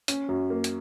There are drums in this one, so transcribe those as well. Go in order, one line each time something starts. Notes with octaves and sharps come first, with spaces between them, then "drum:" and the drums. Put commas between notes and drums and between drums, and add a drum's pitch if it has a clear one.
C#4, drum: hi-hat
F#2
A#3
drum: hi-hat